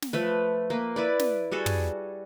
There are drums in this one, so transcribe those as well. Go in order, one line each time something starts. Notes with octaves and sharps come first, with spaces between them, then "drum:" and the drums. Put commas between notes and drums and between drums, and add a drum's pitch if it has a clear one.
drum: snare
F3 A3 B4
A#3 B4
E4 B4 D5
drum: snare
G3 F#4 G#4 A4
drum: tom